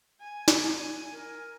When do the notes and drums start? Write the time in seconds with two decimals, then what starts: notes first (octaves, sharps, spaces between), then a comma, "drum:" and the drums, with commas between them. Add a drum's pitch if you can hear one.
0.20 G#5
0.48 drum: snare
1.12 A#4